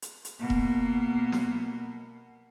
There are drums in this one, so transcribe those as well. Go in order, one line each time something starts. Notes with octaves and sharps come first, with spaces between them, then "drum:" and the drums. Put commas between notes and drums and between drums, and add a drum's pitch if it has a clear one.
drum: hi-hat
drum: hi-hat
B2 A#3
drum: kick E1
drum: snare